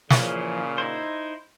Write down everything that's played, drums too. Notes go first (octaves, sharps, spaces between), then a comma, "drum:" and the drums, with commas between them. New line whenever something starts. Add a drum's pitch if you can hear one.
A#2 C#3 E3 F3, drum: snare
D#4 E4 C5